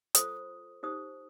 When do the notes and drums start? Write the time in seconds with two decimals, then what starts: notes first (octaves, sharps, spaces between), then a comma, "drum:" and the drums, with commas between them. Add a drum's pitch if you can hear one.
0.15 F4 A4 C5 D#6, drum: hi-hat
0.83 D#4 G4 C5 D#6